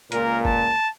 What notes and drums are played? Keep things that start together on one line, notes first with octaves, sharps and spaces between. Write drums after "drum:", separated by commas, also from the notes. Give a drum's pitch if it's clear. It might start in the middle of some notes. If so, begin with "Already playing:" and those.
C#2 A#2 A#4, drum: hi-hat
A5, drum: kick